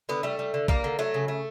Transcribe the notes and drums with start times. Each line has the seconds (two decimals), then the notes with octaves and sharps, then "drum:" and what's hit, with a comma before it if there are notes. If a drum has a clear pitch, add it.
0.09 D3 B3
0.23 G3 A3
0.39 G3
0.54 D3
0.68 G3 A#3, drum: kick
0.84 D3
0.99 F#3 A3
1.14 C#3
1.28 A3